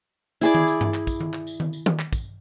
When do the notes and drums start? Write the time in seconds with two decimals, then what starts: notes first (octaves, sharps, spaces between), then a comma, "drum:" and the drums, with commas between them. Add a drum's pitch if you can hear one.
0.41 E4 G#4 D5, drum: tambourine
0.55 drum: tom D#3
0.68 drum: tambourine
0.81 drum: tom G2
0.94 drum: clap
1.07 drum: kick, tambourine
1.20 drum: tom D#3
1.34 drum: clap
1.47 drum: tambourine
1.60 drum: tom D#3
1.73 drum: tambourine
1.86 drum: tom D#3
1.99 drum: clap
2.13 drum: kick, tambourine